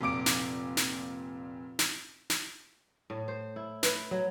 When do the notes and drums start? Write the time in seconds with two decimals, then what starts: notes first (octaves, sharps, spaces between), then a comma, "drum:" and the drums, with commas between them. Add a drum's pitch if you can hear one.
0.01 F1 A#2 D6 D7
0.26 drum: snare
0.77 drum: snare
1.79 drum: snare
2.30 drum: snare
3.10 A2
3.28 C5
3.56 E4
3.83 B4, drum: snare
4.11 F#3